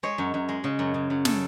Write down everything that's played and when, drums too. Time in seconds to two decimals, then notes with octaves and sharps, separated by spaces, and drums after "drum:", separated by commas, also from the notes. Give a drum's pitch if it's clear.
0.03 G#3 C#5
0.18 F#2
0.34 F#2
0.49 G#3
0.64 C#3
0.79 F#2
0.94 C#3
1.10 F#2
1.25 C#3 A4, drum: snare